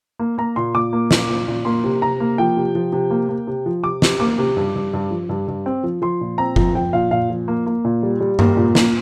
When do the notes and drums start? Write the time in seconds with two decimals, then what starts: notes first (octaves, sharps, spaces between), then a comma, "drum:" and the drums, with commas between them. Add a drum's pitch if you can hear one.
0.19 A#3
0.38 A#3 A#5
0.56 A#2 C6
0.74 A#2 D6
0.93 A#3
1.11 A#2, drum: snare
1.29 A#2
1.48 A#2
1.65 A#3 C6
1.84 C3
2.02 C3 A#5
2.20 A#3
2.38 F3 G5
2.57 C3
2.75 F3
2.93 C3
3.11 A#3
3.29 A#3
3.47 C3
3.66 F3
3.83 C3 D6
4.02 C3, drum: snare
4.20 A#3 D6
4.38 C3
4.57 G2
4.75 G2
4.93 G2
5.11 F3
5.29 G2
5.48 G2
5.66 C4
5.84 F3
6.02 F3 C6
6.21 A#2
6.38 C4 A#5
6.56 F3, drum: kick F#1
6.75 F3 G5
6.93 A#2 F5
7.11 A#2 F5
7.30 F3
7.48 A#3
7.66 A#3
7.85 A#2
8.03 G3
8.21 G3
8.39 A#3, drum: tom G2
8.57 A#2
8.75 A#3, drum: snare